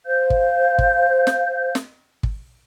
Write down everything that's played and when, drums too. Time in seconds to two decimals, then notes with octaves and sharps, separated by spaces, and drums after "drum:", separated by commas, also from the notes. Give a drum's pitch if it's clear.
0.06 C5 F5 G6
0.30 drum: kick
0.78 drum: kick
1.27 drum: snare
1.75 drum: snare
2.23 drum: kick